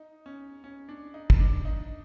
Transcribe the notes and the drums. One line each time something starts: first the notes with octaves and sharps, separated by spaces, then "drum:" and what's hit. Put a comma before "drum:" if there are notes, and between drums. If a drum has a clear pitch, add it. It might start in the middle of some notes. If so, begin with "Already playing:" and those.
Already playing: D#4
C#4
C#4
D4
D#4
drum: kick
D4
D#4